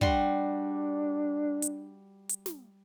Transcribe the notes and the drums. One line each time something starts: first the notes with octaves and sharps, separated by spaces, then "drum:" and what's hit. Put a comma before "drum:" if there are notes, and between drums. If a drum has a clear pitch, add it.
G3 D4 F#4 C6, drum: kick
drum: hi-hat
drum: hi-hat
drum: snare